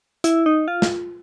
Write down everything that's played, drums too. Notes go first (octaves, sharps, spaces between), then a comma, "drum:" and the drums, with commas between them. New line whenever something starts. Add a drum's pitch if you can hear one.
E4, drum: hi-hat
D#4
F4
drum: snare